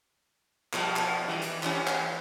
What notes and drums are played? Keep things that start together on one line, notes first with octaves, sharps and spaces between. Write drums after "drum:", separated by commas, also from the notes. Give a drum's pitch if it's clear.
B2 F3 G3, drum: clap
drum: clap
E3 G3
drum: hi-hat
E3 C#4 G4, drum: clap
drum: clap